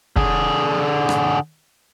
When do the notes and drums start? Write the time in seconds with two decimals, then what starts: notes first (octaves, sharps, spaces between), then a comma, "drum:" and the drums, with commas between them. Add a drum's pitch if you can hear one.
0.16 D3 G#4, drum: kick
1.09 drum: rim click